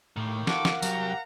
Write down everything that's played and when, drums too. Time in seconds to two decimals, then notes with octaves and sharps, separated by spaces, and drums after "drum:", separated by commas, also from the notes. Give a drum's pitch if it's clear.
0.17 A2 D#3 A#3
0.47 A4 A#4 F5 F#5 D6, drum: snare
0.65 drum: snare
0.82 C2 F#3 G4 A#5, drum: tambourine